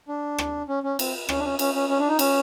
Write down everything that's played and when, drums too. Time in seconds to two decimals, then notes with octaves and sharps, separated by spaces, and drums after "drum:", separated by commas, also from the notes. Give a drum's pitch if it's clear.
0.08 D4
0.38 drum: rim click
0.68 C#4
0.83 C#4
0.99 C4, drum: cymbal
1.29 C#4, drum: rim click
1.39 D4
1.44 C#4
1.59 C#4, drum: cymbal
1.74 C#4
1.89 C#4
1.99 D4
2.09 D#4
2.19 C#4, drum: cymbal